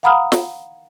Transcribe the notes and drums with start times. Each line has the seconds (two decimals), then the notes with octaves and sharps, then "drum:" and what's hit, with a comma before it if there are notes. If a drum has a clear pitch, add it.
0.03 F5 F#5 A#5 B5 D#6 F6
0.32 drum: snare